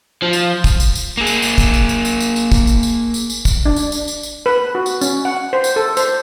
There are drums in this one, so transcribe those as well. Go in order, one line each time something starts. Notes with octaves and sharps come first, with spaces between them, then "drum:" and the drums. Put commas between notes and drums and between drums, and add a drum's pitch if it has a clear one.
F3
drum: tambourine
drum: kick, tambourine
drum: tambourine
drum: tambourine
A#3 G#4
drum: tambourine
drum: tambourine
drum: kick, tambourine
drum: tambourine
drum: tambourine
drum: tambourine
drum: tambourine
drum: tambourine
drum: kick, tambourine
drum: tambourine
drum: tambourine
drum: tambourine
drum: tambourine
drum: kick, tambourine
D4
drum: tambourine
drum: tambourine
drum: tambourine
drum: tambourine
B4
F#4
drum: tambourine
C#4, drum: tambourine
F#5
C5
drum: tambourine
A4
C5, drum: tambourine